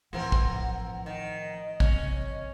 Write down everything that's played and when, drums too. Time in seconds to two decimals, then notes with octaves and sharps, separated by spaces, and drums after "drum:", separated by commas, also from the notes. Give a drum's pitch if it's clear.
0.13 A2 E3 F3 C4 A#4 F#5
0.32 drum: kick
1.06 D#3 D#5
1.80 C3 E3 C#4, drum: kick